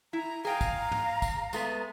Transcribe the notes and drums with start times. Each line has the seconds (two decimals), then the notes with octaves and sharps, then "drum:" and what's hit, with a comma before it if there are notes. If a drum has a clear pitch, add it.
0.13 E4 A#5
0.45 G#4 F5 G5 A#5
0.61 drum: kick, tambourine
0.91 drum: tom
1.22 drum: kick, tambourine
1.53 G#3 A3 B3, drum: tambourine